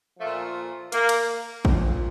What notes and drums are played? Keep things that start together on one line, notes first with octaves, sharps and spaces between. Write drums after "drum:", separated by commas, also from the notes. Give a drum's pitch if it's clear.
A#2 F3 A3
A#3, drum: hi-hat
drum: cymbal
A#2 F3, drum: kick A1